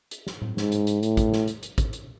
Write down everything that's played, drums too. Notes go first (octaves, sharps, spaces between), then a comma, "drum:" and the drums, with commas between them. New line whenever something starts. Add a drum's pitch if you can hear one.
drum: hi-hat
drum: snare
drum: tom A2
G#2, drum: snare
drum: hi-hat
drum: hi-hat
A2, drum: hi-hat
drum: kick G#1, hi-hat
drum: snare
drum: hi-hat
drum: hi-hat
drum: kick G#1, hi-hat
drum: hi-hat